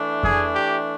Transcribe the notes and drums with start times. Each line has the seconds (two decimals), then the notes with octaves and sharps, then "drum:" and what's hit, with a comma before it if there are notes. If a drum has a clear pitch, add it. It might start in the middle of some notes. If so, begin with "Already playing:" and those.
Already playing: E3 A3 D4
0.23 G#4, drum: kick F2
0.54 G4